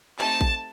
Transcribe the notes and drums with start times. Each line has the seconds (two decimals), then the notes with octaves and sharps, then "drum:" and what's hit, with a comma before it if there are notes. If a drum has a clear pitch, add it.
0.19 A3 C4 D#4 G4 A5, drum: clap
0.41 drum: kick A1